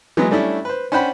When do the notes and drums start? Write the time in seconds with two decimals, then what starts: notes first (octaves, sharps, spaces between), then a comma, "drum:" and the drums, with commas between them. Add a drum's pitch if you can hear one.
0.17 E3 F#3 G#3 B3, drum: tom
0.31 G3 A3 C#4 D4 E4
0.65 B4 C5
0.92 C#4 D4 C5 F#5 G5 B5